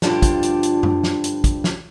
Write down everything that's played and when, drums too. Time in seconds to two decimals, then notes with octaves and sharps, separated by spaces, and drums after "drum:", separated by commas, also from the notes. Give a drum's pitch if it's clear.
0.02 G2 D3 F3 D4 F4 G4, drum: snare
0.22 drum: kick, hi-hat
0.43 drum: hi-hat
0.63 drum: hi-hat
0.83 drum: tom F#2
1.03 drum: snare
1.24 drum: hi-hat
1.44 drum: kick, hi-hat
1.64 drum: snare